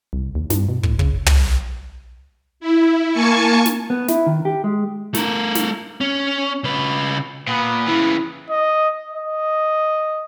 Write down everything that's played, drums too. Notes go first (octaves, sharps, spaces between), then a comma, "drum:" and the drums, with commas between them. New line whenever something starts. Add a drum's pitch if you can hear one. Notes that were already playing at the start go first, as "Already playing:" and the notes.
C2
D#2
G2, drum: snare
B2
A2, drum: kick
C#3, drum: kick
drum: tom
E4
A#3 G#5 A5 C#6 C#7
drum: snare
B3
E4, drum: snare
D#3
G4
G#3
A3 A#4, drum: snare
drum: snare
C#4
C#3 B4
A#2 B3
C#3 E3 E4
D#5
D#5